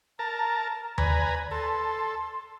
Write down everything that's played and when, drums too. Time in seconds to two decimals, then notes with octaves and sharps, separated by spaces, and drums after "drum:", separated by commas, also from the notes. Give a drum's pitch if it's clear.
0.19 A#4 A5 A#5
0.98 B4 D5 G#5 A#5, drum: tom D#2
1.51 A4 C6